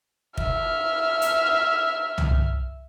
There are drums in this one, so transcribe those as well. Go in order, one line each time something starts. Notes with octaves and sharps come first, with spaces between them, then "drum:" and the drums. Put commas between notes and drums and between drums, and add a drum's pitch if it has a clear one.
E5 F6, drum: kick
drum: hi-hat
drum: tom C2